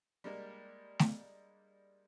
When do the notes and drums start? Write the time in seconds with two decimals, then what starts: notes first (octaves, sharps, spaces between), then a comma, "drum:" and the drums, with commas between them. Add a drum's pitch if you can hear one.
0.24 G3 G#3 A#3 D4
0.99 drum: snare A3